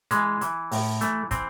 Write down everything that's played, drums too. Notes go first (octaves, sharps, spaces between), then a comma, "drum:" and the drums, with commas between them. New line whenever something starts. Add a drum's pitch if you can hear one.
E3 G#3, drum: hi-hat
E3, drum: hi-hat
A2, drum: open hi-hat
E3 A3, drum: hi-hat
E3 C4, drum: kick, hi-hat